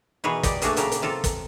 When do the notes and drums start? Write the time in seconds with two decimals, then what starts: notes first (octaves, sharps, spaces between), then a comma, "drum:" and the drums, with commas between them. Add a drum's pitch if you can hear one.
0.24 B2 E3 G#4 A#4 B4 C#5
0.43 G4 D5 D#5 G5, drum: kick, hi-hat
0.62 A3 A#3 D4 F#4 G#4 A#4, drum: hi-hat
0.76 A#2 C#3 F#3 A#3 G4 A#4, drum: hi-hat
0.92 drum: hi-hat
1.02 C3 F4 A4 A#4
1.24 drum: kick, hi-hat